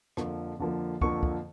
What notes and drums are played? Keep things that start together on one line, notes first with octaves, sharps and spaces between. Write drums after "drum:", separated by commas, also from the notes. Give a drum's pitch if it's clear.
F2 D3 F3 A#3, drum: rim click
F2 D3 F3 A#3
F2 D3 F3 A#3 C#6, drum: kick
drum: kick